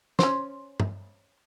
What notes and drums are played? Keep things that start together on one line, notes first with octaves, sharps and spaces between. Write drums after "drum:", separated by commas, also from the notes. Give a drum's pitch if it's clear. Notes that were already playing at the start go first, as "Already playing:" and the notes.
C#4 C5, drum: snare
drum: tom